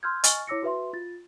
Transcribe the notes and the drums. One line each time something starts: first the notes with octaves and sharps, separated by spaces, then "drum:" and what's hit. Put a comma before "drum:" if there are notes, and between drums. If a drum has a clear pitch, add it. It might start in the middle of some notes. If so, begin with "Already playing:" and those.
C6 E6 F6 G6 G#6
D#5 G#5 C#6 F6 A6, drum: hi-hat
E4 C#5 D6 E6 A#6 C#7
F#4 B4 E5 C6
F4 A6